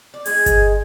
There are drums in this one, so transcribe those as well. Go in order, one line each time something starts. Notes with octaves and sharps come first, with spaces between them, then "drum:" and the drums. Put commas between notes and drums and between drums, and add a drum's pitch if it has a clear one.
D5
G#3 D#4 G#4 G#6, drum: open hi-hat
drum: kick G1, hi-hat